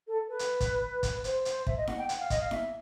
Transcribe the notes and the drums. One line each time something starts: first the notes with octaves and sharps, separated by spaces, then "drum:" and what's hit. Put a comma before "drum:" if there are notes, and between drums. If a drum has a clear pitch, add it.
A4
B4
drum: hi-hat
drum: kick, hi-hat
drum: kick, hi-hat
C5, drum: hi-hat
drum: hi-hat
E5, drum: kick
D#5
F#5, drum: snare E4
G5
F#5, drum: hi-hat
F5
D#5, drum: kick, hi-hat
F5
E5, drum: snare E4